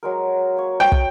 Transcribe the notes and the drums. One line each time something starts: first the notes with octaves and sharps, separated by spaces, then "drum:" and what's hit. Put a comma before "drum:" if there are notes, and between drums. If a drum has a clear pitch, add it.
F#3 G#3 A#4
A#3 C#5
G5 A5 C#6
drum: kick